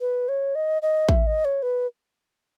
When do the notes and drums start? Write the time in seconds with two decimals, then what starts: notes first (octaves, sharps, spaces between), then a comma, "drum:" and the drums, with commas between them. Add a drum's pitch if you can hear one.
0.01 B4
0.29 C#5
0.55 D#5
0.82 D#5
1.09 E5, drum: kick
1.27 D#5
1.45 C#5
1.63 B4